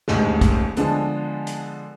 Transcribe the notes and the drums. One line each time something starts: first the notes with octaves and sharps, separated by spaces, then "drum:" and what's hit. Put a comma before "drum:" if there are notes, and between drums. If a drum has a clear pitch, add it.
D#1 D2 G#2 D#3 G#3, drum: snare
drum: kick, hi-hat
D3 F3 G#3 B3 D4, drum: hi-hat
drum: hi-hat